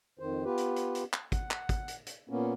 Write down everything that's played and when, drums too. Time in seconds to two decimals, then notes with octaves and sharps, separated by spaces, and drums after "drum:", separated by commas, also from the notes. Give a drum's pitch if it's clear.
0.19 F2 D#3 C5
0.44 B3 F4 G4 B4
0.57 drum: hi-hat
0.76 drum: hi-hat
0.95 drum: hi-hat
1.13 drum: clap
1.32 F#5, drum: kick, hi-hat
1.51 drum: clap
1.69 drum: kick, hi-hat
1.88 drum: hi-hat
2.06 drum: hi-hat
2.29 A#2 A#3 B3 C#4